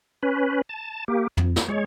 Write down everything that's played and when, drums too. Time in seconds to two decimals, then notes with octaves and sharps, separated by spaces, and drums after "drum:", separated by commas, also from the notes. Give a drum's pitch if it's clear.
0.23 C#4 B4
0.69 A5
1.08 A#3 G4
1.37 F2, drum: tom F2
1.56 drum: snare
1.68 G#3 C#5